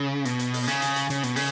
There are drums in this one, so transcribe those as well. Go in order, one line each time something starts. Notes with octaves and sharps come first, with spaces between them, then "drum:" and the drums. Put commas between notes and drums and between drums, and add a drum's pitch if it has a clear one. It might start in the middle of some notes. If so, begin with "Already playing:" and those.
Already playing: C#3
B2, drum: hi-hat
drum: hi-hat
drum: open hi-hat
C#3, drum: hi-hat
drum: hi-hat
drum: hi-hat
C#3, drum: hi-hat
B2, drum: hi-hat
C#3, drum: open hi-hat